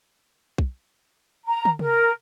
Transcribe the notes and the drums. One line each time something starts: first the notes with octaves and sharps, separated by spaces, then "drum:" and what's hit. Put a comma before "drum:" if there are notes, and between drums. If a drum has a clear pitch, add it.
drum: kick
A#5
drum: tom
A#4, drum: tom C3